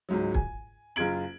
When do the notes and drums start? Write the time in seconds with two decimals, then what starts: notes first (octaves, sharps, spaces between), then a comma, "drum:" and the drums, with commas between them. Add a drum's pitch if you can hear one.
0.09 C#2 G#2 F#3
0.34 G#5, drum: kick
0.96 F#1 F4 G#4 G#6 D7 F#7